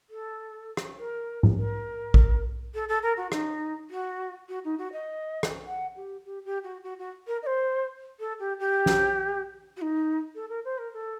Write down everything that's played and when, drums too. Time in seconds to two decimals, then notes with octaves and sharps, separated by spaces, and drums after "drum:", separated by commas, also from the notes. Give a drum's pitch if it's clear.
0.10 A4
0.77 drum: rim click
0.98 A#4
1.43 drum: tom G#2
1.57 A#4
2.14 drum: kick G#1
2.74 A4
2.88 A4
3.02 A#4
3.17 F#4
3.32 D#4, drum: rim click
3.90 F#4
4.49 F#4
4.64 D#4
4.78 F#4
4.92 D#5
5.43 drum: rim click
5.66 F#5
5.96 G4
6.25 G4
6.45 G4
6.64 F#4
6.83 F#4
6.98 F#4
7.27 A#4
7.42 D#5
7.46 C5
8.19 A4
8.39 G4
8.59 G4
8.86 drum: snare
9.77 F#4
9.81 D#4
10.35 A4
10.49 A#4
10.64 C5
10.78 A#4
10.93 A4